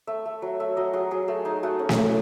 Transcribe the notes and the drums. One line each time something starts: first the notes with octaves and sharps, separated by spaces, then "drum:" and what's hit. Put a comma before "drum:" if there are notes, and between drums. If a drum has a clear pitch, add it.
A3 E5
A3
F#3
A3 E5
F#3 D#5
F#3 G#4
F#3 G#4
A3 G#4
D#4 G#4
A3 F#4
C#4
G#4, drum: snare
A3